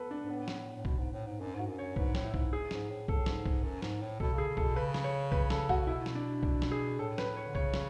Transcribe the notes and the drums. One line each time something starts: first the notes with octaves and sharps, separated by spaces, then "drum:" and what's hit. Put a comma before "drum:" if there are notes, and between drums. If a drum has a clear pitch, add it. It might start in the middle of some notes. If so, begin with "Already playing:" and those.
Already playing: B3 A4 B4
D4
G#2
A2 B3
drum: snare
A2
B2, drum: kick B1
G#2
A2
G#2
F#2 D4
G#2 F#4
F#2
C#5
G#2 B4, drum: kick B1
A2, drum: snare
E4
G#2, drum: kick B1
G#4
G#2, drum: snare
A2
G#2 A4, drum: kick B1
A2
G#2, drum: snare
drum: kick B1
F#2
G#2, drum: snare
A2
B2 A4, drum: kick B1
C#3 G#4
C#3
A4, drum: kick B1
B2
C#3 B4
drum: snare
C#5
B4, drum: kick B1
A4, drum: snare
F#4, drum: kick B1
C#3
B2 E4
drum: snare
D4
D4, drum: kick B1
drum: snare
G#4
A2 A4
B4, drum: snare
C#5
D3
C#3 C#5, drum: kick B1
drum: snare